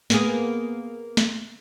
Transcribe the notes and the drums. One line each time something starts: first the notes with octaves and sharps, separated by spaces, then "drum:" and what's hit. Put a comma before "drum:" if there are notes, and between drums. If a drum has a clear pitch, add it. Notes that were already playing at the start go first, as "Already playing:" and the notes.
A#3 B3 G#4, drum: snare
drum: snare